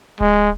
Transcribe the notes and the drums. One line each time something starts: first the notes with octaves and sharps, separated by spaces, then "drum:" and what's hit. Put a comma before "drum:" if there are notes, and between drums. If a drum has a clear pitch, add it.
G#3, drum: kick D1